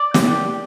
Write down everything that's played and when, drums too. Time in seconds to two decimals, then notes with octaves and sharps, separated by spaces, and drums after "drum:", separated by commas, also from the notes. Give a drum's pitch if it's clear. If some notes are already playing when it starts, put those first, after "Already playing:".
Already playing: D5
0.14 D4 G4, drum: snare